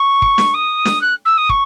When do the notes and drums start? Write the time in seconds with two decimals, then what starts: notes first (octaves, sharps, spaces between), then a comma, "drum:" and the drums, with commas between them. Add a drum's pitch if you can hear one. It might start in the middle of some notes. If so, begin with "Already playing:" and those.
Already playing: C#6
0.22 drum: kick
0.38 drum: snare
0.54 D#6
0.85 drum: snare
1.01 F#6
1.25 E6
1.37 D#6
1.49 C#6, drum: kick